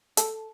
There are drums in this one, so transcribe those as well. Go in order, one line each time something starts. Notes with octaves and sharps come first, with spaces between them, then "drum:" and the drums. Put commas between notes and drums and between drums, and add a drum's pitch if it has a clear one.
A4, drum: hi-hat